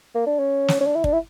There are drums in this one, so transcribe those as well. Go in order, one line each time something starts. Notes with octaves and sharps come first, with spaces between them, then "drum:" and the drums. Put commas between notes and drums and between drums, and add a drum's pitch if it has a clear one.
A#3
D4
C#4
drum: snare
C#4
D4
E4
D4, drum: kick
E4